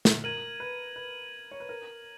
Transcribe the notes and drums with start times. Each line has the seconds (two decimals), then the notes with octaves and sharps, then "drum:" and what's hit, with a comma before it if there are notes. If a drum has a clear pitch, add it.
0.05 drum: snare
0.24 A#4 G#6 D#7 F#7
0.60 B4
0.96 B4
1.51 C#5
1.60 B4
1.69 A#4